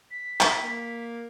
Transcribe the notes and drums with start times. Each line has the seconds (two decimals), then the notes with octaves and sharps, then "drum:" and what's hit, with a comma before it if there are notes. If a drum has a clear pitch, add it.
0.11 B6
0.40 drum: clap
0.63 A#3